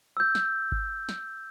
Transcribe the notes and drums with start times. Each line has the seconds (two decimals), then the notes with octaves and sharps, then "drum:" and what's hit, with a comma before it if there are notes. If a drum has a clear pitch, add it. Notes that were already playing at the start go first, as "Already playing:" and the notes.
0.17 E6 G6
0.35 drum: snare
0.72 drum: kick G#1
1.09 drum: snare